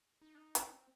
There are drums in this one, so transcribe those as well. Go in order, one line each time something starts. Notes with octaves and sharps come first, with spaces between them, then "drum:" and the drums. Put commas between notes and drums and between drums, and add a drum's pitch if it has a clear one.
D#4
D4
D#4
D4, drum: hi-hat
C4